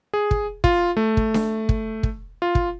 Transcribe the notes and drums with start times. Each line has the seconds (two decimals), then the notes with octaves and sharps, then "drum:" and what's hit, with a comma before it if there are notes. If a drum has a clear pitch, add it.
0.14 G#4
0.31 drum: kick
0.64 F4, drum: kick
0.97 A3
1.17 drum: kick
1.34 drum: snare D4
1.69 drum: kick
2.03 drum: kick
2.42 F4
2.55 drum: kick